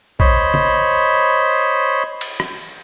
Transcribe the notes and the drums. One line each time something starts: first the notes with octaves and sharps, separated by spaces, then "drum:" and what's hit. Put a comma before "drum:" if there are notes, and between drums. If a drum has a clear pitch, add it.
C5 C#5 D#5 B5, drum: kick A#1
drum: tom
drum: cymbal
drum: rim click